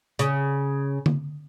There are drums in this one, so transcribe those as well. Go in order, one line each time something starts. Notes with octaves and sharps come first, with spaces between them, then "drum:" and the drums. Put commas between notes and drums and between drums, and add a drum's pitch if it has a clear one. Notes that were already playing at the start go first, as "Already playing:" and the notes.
C#3, drum: hi-hat
drum: tom D3